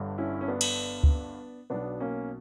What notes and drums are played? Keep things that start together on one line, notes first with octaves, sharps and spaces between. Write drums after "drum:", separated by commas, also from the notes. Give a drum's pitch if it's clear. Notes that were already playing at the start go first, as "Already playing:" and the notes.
Already playing: G1 G2 D3
C#4 E4
C#4
B3 D4
drum: cymbal
drum: kick D2
B1 B2 B3 D4
A#3 C#4